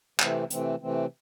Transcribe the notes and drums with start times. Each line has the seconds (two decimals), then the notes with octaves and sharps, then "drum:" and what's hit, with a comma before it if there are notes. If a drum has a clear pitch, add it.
0.19 C3 E3 A3 C4, drum: clap
0.50 C3 E3 A3 C4, drum: hi-hat
0.81 C3 E3 A3 C4